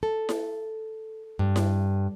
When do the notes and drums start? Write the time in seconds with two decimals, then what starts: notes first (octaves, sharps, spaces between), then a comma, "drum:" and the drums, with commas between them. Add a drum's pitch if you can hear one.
0.03 A4
0.29 drum: snare E4
1.39 G2
1.56 drum: snare E4